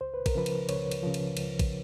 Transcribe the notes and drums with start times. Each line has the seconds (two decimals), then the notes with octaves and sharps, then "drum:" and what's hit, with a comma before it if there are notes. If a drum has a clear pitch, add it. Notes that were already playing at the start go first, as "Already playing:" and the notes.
0.01 C#2 C5
0.14 B4
0.26 A#4, drum: kick A#1, cymbal
0.35 C#3 F3 B4
0.46 drum: cymbal
0.69 C#2 C#5, drum: cymbal
0.91 drum: cymbal
1.03 C#3 F3
1.14 drum: cymbal
1.37 C#2, drum: cymbal
1.59 drum: kick A#1, cymbal